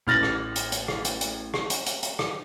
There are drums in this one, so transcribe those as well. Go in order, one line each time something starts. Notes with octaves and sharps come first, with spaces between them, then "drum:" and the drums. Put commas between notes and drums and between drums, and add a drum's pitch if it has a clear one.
A1 F6 A6 A#6 F#7
drum: rim click
drum: hi-hat
drum: hi-hat
drum: rim click
drum: hi-hat
drum: hi-hat
drum: rim click
drum: hi-hat
drum: hi-hat
drum: hi-hat
drum: rim click